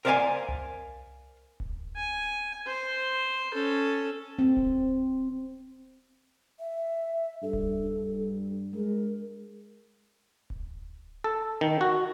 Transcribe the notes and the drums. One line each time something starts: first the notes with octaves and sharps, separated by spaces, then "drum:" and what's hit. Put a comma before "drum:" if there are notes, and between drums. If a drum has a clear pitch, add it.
A#4 C5 D5 E5 F5 G#5
drum: tom C2
drum: kick D1
G#5
C5
C#4 A4
C4
drum: kick D1
E5
G2 A4
drum: kick D1
G2
G#3 A#4
drum: kick D1
A4
D#3
F#4